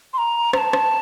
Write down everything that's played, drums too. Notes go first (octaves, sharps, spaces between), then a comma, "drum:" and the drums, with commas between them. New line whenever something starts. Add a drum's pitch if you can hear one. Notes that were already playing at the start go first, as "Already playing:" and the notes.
C6
A#5
A#5, drum: rim click
A5
drum: rim click